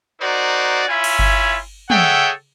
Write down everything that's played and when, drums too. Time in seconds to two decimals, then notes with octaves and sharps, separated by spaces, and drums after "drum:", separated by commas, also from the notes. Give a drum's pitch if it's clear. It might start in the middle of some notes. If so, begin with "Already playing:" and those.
0.21 D#4 F#4 A#4 C5 D5
0.89 E4 F4 C#5 E5 G#5 B5
1.04 drum: cymbal
1.19 drum: kick G1
1.90 G#4 A4 C#5 E5 F#5 G5, drum: tom